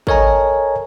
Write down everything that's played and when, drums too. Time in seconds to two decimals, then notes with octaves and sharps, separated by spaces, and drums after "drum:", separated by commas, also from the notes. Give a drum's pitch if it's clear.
0.07 A4 A#4 C#5 D#5 G#5 A#5, drum: kick G#1